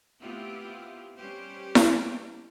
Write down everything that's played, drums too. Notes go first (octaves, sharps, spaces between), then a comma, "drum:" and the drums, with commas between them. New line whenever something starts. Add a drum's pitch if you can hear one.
A3 B3 C4 E4 F4 G4
G3 C#4 G4 B4 C5
drum: snare E4